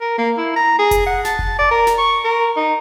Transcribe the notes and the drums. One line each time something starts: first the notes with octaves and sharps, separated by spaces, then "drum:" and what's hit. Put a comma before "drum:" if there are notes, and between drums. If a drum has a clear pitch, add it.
A#4
A#3
E4
A#5
G#4
drum: kick F1, hi-hat
F#5
A5, drum: snare
drum: kick F1
D5
A#4
drum: snare
C#6
A#4
D#4